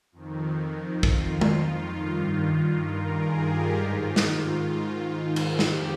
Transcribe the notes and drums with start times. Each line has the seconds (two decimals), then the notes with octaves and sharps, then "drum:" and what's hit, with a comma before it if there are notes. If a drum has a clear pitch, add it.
0.12 F2 D#3
1.03 F4, drum: kick
1.41 drum: tom G#3
1.94 G2 D#3
2.86 A#4
3.17 G#4
3.46 G4
3.76 G#2 D#3 F4
4.16 drum: snare
5.36 drum: cymbal
5.59 F2 D#3 G4, drum: snare